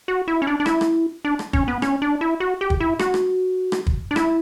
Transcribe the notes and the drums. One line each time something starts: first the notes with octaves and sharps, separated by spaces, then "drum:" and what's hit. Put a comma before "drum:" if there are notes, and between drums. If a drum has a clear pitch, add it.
F#4
E4
C#4
D4
D4
E4, drum: rim click
drum: rim click
D4
drum: rim click
C#4, drum: kick
B3
C#4, drum: rim click
D4
E4
F#4
G4
drum: kick
E4
F#4, drum: rim click
drum: rim click
drum: rim click
drum: kick
D4
E4, drum: rim click